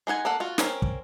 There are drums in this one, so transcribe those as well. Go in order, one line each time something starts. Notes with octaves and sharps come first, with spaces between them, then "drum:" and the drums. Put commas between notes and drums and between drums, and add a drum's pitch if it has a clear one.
G#3 D#4 F#5 G#5
A#3 A4 F#5
F4 F#4
C4 C#4 E4 A#4, drum: snare
drum: kick